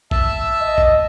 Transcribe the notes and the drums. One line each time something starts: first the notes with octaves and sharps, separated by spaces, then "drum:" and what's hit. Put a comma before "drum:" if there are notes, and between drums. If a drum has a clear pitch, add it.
E5 A5 E6, drum: kick A1
D#5
drum: kick A1